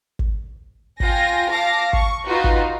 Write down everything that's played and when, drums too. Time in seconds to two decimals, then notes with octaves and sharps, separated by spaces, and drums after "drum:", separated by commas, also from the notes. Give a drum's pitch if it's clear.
0.19 drum: kick
1.00 F4 G5 G#5 A#6, drum: kick
1.49 F5 A5 D6 A#6
1.93 C#6, drum: kick
2.25 D#4 F4 F#4 B4
2.44 drum: kick